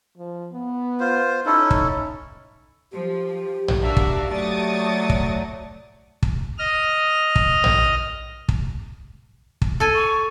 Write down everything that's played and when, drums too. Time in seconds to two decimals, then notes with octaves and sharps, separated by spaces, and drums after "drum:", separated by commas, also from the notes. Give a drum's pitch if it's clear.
0.18 F3
0.53 B3
1.00 F4 C5
1.46 C#4 D#4 E4 A4
1.71 drum: kick
2.92 F3 G4
3.68 drum: tom A#1
3.82 D4 F#4 A#4 E5 F5
3.97 drum: kick
4.31 F#3 A3 D5 C#6 D#6 A6
5.10 drum: kick
6.23 drum: kick
6.58 D#5 F6
7.36 drum: kick
7.64 drum: tom A#1
8.49 drum: kick
9.62 drum: kick
9.80 A4 G#5
9.94 C#6